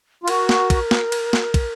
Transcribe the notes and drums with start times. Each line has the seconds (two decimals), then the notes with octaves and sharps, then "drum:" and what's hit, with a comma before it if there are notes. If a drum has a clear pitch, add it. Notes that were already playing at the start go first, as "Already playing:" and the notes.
0.24 F4
0.28 F#4 A#4, drum: cymbal
0.49 drum: snare
0.70 drum: kick, cymbal
0.91 drum: snare
1.12 drum: cymbal
1.33 drum: snare
1.54 drum: kick, cymbal